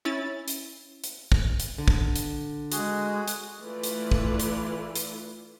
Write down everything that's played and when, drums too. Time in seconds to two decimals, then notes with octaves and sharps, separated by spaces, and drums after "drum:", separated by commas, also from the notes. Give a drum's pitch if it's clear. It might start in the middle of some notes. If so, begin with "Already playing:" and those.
0.05 C#4 E4 A6
0.48 drum: hi-hat
1.04 drum: hi-hat
1.32 drum: kick
1.60 drum: hi-hat
1.78 D3
1.88 drum: kick
2.16 drum: hi-hat
2.72 G#3 F#4 G#4, drum: hi-hat
3.28 drum: hi-hat
3.61 E3 A3 E4 F4 B4 D5
3.84 drum: hi-hat
4.12 drum: kick
4.40 drum: hi-hat
4.96 drum: hi-hat